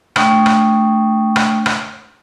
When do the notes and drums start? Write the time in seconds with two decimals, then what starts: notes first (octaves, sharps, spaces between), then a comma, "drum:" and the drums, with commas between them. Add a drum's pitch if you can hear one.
0.16 A3 D4 G5 C#6 D#6, drum: rim click
0.46 drum: rim click
1.36 drum: rim click
1.66 drum: rim click